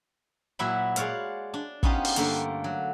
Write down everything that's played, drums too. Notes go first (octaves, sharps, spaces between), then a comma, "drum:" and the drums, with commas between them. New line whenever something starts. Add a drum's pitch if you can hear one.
A#2 F#3 E4 E5 F#5 B5
G#3 C#5 D5 F5 F#5, drum: hi-hat
D4
B3 C#4 D#4 F4 G4 C5, drum: kick
drum: open hi-hat
G2 D3 A3 A#3 A#5, drum: hi-hat
F#3